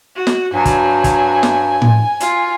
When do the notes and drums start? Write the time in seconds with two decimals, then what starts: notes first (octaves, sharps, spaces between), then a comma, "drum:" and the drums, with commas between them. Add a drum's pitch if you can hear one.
0.16 F#4
0.27 drum: snare
0.54 G2 F#3 G#5
0.65 drum: kick, hi-hat
1.04 drum: kick, hi-hat
1.43 drum: snare
1.82 drum: tom A2
2.20 F4, drum: hi-hat